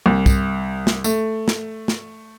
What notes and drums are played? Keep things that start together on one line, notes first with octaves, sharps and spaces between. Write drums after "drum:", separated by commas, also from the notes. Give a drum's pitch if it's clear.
C2
drum: kick, tambourine
drum: snare
A3, drum: tambourine
drum: snare
drum: snare